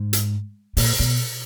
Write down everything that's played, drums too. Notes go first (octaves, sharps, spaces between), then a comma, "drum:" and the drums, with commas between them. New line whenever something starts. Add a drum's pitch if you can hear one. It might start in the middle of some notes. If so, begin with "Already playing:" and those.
Already playing: G#2
drum: hi-hat
A#2, drum: open hi-hat
B2